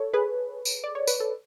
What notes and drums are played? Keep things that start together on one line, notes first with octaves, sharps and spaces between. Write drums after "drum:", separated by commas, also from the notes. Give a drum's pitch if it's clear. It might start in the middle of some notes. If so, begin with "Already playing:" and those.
Already playing: A4 C#5
G#4 B4
drum: tambourine
D5
C#5
B4, drum: tambourine
A4